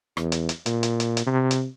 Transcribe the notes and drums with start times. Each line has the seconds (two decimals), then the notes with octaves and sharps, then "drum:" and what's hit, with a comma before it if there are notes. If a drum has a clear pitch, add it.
0.17 E2, drum: rim click
0.32 drum: hi-hat
0.49 drum: hi-hat
0.66 A#2, drum: hi-hat
0.83 drum: hi-hat
1.00 drum: hi-hat
1.17 drum: hi-hat
1.26 C3
1.51 drum: hi-hat